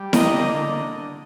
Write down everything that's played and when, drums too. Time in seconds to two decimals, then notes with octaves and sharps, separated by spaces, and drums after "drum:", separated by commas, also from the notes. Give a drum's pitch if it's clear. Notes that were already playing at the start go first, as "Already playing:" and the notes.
Already playing: G3
0.13 A#3 D#5, drum: snare E4
0.34 D3
0.54 D3